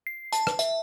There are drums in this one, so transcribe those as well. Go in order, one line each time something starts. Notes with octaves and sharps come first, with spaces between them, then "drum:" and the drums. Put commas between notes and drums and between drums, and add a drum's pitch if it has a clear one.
C7
A5, drum: hi-hat
drum: rim click
E5, drum: hi-hat